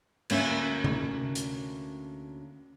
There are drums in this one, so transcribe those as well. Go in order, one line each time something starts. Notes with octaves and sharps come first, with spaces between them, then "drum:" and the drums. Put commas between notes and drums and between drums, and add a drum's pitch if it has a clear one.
D2 A#3 C#4 E5, drum: cymbal
drum: tom C3
drum: hi-hat